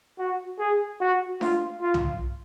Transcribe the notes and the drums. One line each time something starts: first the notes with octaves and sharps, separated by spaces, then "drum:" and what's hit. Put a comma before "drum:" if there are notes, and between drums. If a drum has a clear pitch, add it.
F#4
G#4
F#4
F4, drum: snare D4
F4
drum: tom C2